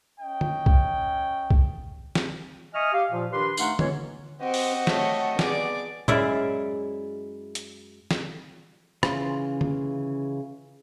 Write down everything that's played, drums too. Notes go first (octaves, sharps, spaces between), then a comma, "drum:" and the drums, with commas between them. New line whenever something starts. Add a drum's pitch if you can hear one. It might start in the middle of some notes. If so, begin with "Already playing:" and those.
C#4 D#5 G5
drum: tom D3
drum: kick B1
drum: kick B1
drum: snare
D#5 E5 G#5 C#6 D#6 F6
G4 F5
A#2 F3
D#3 D4 G4 B4 C6
A3 D4 D#4 F5 F#5 C6, drum: tambourine
E3 F#3 G#3 C#4 F4 C#5, drum: tom D3
C4 F#4 G4 D#5 F#5
drum: open hi-hat
A3 C#5, drum: snare
B3 G#4 D5 D6, drum: snare
F#2 G#3 E4 D5 E5 F5, drum: tom A2
drum: hi-hat
drum: snare
C#3 E3 F4 C6, drum: rim click
drum: tom D3